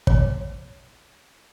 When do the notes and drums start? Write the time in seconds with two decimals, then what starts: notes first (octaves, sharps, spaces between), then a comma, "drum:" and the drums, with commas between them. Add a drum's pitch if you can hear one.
0.07 C#5, drum: kick